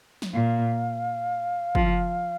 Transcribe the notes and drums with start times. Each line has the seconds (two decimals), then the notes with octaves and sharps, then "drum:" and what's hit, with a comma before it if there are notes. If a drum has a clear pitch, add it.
0.22 drum: snare
0.33 A#2 F5
1.75 F3, drum: kick